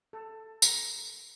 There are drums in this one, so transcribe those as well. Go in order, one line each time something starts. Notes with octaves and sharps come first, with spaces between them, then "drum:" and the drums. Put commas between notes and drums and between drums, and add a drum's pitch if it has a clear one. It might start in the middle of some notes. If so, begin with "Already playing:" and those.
A4
A#5, drum: tambourine